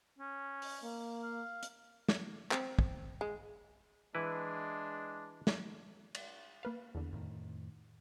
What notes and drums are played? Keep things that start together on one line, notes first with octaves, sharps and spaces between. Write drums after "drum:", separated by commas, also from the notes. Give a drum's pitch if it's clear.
C#4
drum: open hi-hat
A#3
F5
drum: hi-hat
drum: snare
C4, drum: clap
drum: kick
G#3
E3 G#3 D4 E4 B4
drum: snare
drum: cymbal
A#3 B4 F5
E2 D3
F2 A2 D#3